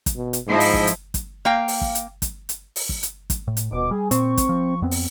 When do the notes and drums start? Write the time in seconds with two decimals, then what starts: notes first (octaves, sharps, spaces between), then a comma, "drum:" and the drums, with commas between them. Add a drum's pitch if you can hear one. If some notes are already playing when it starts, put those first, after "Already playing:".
0.06 drum: kick, hi-hat
0.16 B2
0.33 drum: hi-hat
0.47 G#2 F3 E4 D#5
0.60 drum: open hi-hat
0.74 drum: kick
0.87 drum: hi-hat
1.14 drum: kick, hi-hat
1.45 A#3 F5 G5
1.68 drum: open hi-hat
1.81 drum: kick
1.95 drum: hi-hat
2.22 drum: kick, hi-hat
2.49 drum: hi-hat
2.76 drum: open hi-hat
2.89 drum: kick
3.03 drum: hi-hat
3.30 drum: kick, hi-hat
3.48 A2
3.57 drum: hi-hat
3.72 D#1 B2 D6
3.91 G3 G#4
4.11 A#2 C4 C#6, drum: hi-hat
4.37 drum: kick, hi-hat
4.49 F3
4.82 F2 B3 C4
4.91 drum: open hi-hat